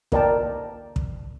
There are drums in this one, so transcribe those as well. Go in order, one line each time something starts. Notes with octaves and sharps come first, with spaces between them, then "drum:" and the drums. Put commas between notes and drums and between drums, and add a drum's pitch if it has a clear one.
A#3 A#4 D5 G5 A5, drum: kick
drum: kick